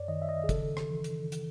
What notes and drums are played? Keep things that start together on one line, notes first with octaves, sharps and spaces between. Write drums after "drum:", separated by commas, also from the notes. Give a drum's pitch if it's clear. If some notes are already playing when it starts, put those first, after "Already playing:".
Already playing: F#2 C#5 D5
D#3 D#5
E5
D#5
G#4
C#3 A4, drum: kick, hi-hat
drum: rim click
E3
drum: hi-hat
drum: hi-hat